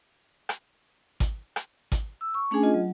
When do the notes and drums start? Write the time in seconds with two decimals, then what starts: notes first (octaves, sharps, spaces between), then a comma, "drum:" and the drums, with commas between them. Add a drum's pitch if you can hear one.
0.49 drum: rim click
1.20 drum: kick G#1, hi-hat
1.56 drum: rim click
1.92 drum: kick G#1, hi-hat
2.21 E6
2.34 C#6
2.51 A3 C#4 D4 G#4 G#5
2.63 F4 D#5
2.74 F#3